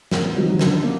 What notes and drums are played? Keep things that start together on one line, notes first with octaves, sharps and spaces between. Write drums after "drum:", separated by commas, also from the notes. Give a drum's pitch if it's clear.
E2, drum: snare
C3 D#3 F#3
D3, drum: snare
A#3